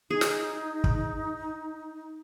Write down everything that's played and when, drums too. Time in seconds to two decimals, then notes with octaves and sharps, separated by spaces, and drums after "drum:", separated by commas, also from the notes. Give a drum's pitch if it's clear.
0.10 D#4 G#4
0.21 drum: snare
0.84 drum: kick